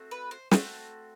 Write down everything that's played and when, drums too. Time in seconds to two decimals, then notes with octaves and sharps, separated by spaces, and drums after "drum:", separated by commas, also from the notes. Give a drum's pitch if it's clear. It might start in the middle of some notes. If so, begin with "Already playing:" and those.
Already playing: A3 C4 F#4
0.11 B4
0.31 C5
0.51 A3 C4 F#4 C5, drum: snare